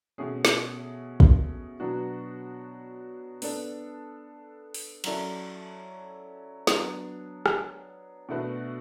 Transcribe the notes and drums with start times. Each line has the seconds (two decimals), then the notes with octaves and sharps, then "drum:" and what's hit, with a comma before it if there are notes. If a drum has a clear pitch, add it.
0.18 B2 A3 C#4 G#4
0.45 drum: snare
1.20 drum: kick
1.80 B2 F#3 B3 D4 F#4
3.42 B3 D4 A4 D5, drum: open hi-hat
4.74 drum: open hi-hat
5.04 F#3 C#4 E4 A4 D5, drum: cymbal
6.67 F#3 B3 D4, drum: snare
7.46 drum: rim click
8.29 B2 A3 D4 F#4 B4